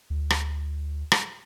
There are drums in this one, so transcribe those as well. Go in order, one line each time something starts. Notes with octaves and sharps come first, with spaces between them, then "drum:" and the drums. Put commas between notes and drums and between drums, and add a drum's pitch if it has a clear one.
D2
drum: rim click
drum: rim click